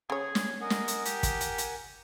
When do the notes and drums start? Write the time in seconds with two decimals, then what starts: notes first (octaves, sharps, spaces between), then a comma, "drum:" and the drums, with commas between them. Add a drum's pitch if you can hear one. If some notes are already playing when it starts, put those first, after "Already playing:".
0.10 C#3 G#4 C#5
0.35 drum: snare
0.61 A#4 D#5 F#5 G#5
0.70 drum: snare
0.88 drum: hi-hat
1.05 G4, drum: hi-hat
1.23 drum: kick, hi-hat
1.41 drum: hi-hat
1.58 drum: hi-hat